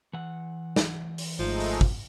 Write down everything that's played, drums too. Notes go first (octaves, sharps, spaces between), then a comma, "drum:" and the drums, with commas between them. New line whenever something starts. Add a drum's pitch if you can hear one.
E3 F#5
drum: snare
drum: open hi-hat
G#1 F3 G#3 A3 D#4
drum: open hi-hat
drum: kick